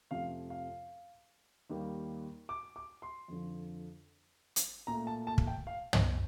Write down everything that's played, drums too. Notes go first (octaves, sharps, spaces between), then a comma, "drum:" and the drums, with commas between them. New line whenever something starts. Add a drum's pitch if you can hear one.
F2 C3 F3 A3 F5
F5
D#2 D#3 G3 A#3
D6
D6
C6
F2 D3 F3
drum: hi-hat
A#2 A3 A#5
A5
A5
drum: kick
G5
F5
D#5, drum: tom